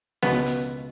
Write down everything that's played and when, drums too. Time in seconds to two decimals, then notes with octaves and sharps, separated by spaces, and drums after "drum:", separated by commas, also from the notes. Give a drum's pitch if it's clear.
0.23 C#2 B2 B3, drum: snare
0.46 drum: hi-hat